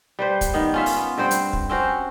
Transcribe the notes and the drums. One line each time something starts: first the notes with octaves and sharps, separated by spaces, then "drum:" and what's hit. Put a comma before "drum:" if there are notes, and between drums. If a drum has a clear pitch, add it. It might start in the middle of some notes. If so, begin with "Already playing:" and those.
G3 B4 C5
drum: kick, hi-hat
D#3 B3
C#4 F4 E5
drum: open hi-hat
B3
G2 C4 C5 F#5
drum: hi-hat
drum: kick
C4 C#4 F#4 C5